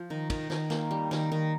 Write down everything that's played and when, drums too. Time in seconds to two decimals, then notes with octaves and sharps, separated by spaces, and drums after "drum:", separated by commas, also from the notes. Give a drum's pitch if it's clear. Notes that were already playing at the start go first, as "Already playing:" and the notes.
Already playing: F3
0.10 D#3
0.30 D#3, drum: kick, cymbal
0.50 D#3, drum: snare
0.70 A#3, drum: snare
0.91 G3
1.11 D#3, drum: snare
1.32 D#3